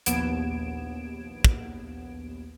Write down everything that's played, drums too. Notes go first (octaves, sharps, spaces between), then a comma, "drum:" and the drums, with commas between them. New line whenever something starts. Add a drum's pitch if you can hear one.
A#1 D#2 B3 G#6 D7 E7, drum: hi-hat
drum: kick